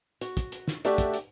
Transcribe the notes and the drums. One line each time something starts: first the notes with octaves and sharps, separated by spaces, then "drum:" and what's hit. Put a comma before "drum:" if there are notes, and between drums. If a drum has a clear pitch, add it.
F#4, drum: hi-hat
drum: kick, hi-hat
drum: hi-hat
drum: snare
A3 D4 F#4 G4 E5, drum: hi-hat
drum: kick, hi-hat
drum: hi-hat